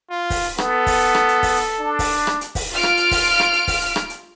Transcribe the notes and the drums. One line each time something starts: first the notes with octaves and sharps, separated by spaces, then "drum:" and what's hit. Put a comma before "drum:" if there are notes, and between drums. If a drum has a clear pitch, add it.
F4
drum: kick, open hi-hat
drum: hi-hat
B3 A4, drum: rim click
drum: kick, open hi-hat
drum: hi-hat
drum: rim click
drum: hi-hat
drum: kick, open hi-hat
drum: hi-hat
D4
drum: kick, open hi-hat
drum: hi-hat
drum: rim click
drum: hi-hat
drum: kick, open hi-hat
F4 F6 D7
drum: rim click
drum: hi-hat
drum: kick, open hi-hat
drum: hi-hat
drum: rim click
drum: hi-hat
drum: kick, open hi-hat
drum: hi-hat
drum: rim click
drum: hi-hat